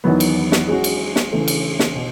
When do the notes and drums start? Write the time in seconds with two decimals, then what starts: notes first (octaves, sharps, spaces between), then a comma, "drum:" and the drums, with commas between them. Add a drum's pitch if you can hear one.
0.04 E2 D#3 F#3 B3
0.20 drum: cymbal
0.52 drum: snare
0.68 G#3 C#4 F#4
0.84 drum: cymbal
1.16 drum: snare
1.32 C#3 E3 A3
1.48 drum: cymbal
1.79 drum: snare
1.95 B2